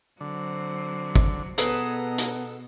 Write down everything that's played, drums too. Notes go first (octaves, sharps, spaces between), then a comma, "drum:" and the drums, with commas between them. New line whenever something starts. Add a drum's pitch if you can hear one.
D3 F#3 C4
drum: kick
B2 B3 G#4 A4 B4 A#5, drum: hi-hat
drum: hi-hat